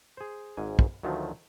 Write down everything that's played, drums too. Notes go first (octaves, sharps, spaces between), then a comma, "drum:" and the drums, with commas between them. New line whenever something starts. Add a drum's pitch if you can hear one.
G#4 C5
G#1 G#2 G#5
drum: kick
D2 D#3 F3 F#3 A3